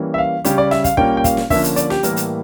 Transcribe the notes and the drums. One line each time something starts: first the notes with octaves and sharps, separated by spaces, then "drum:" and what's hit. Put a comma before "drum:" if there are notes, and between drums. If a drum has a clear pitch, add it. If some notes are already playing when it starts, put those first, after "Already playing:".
Already playing: E3 G3 A#3 C#4
E5
F5
C#3 G3 C#4 G4, drum: hi-hat
D5
E5, drum: snare
F5, drum: kick, hi-hat
A#2 G3 A#3 C#4 G5, drum: kick
G5
F5, drum: kick, hi-hat
drum: snare
D3 F3 A#3 C#4 E5, drum: kick, open hi-hat
drum: hi-hat
D5, drum: hi-hat
G4, drum: snare
A2 E3 G3 A#3 A#4, drum: hi-hat
drum: hi-hat